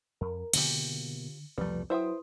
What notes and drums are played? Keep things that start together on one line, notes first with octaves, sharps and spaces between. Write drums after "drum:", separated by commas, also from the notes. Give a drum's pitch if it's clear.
F2 A#4
B2 D3 F3 A#3 G4, drum: cymbal
C2 F2 B2 F3 G3 A3 B4
F#3 E4 B4 C5 E5 G5 C6 D#6